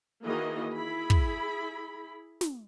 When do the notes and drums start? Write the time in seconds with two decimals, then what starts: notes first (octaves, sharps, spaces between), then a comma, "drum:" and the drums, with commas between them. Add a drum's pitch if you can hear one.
0.25 D#3 E3 A#3 F#4 G#4 D#5
0.73 E4 G#4 B5
1.10 drum: kick
2.41 drum: snare